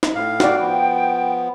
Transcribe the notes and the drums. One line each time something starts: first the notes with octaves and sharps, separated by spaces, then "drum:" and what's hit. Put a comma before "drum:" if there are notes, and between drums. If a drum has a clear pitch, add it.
drum: snare
A2 F5
F#4 D5 G5, drum: snare
F3 B3